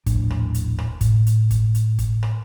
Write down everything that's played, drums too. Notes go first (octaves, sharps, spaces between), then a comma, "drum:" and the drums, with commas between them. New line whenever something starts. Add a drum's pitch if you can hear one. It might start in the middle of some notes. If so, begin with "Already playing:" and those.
D#1 A#1 A2 D4, drum: kick, hi-hat
drum: rim click
drum: hi-hat
drum: rim click
A2, drum: kick, hi-hat
drum: hi-hat
drum: kick, hi-hat
drum: hi-hat
drum: kick, hi-hat
drum: rim click